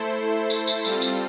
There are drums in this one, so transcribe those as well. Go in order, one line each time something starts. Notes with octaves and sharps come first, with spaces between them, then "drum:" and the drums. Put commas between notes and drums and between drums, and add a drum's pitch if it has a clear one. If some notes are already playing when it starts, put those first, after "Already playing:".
Already playing: A3 E4 A4 C5
drum: tambourine
drum: tambourine
G3 C4 F4 A4, drum: tambourine
drum: tambourine